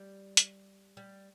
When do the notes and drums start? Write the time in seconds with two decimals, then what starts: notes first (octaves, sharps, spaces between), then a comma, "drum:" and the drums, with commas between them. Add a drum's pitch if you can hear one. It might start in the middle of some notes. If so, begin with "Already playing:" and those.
Already playing: G3
0.37 drum: hi-hat
0.97 G3